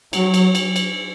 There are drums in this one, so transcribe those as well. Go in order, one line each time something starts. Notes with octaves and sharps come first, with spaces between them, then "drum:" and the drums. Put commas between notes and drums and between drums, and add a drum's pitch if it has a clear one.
F#3, drum: cymbal
drum: cymbal
drum: cymbal
drum: cymbal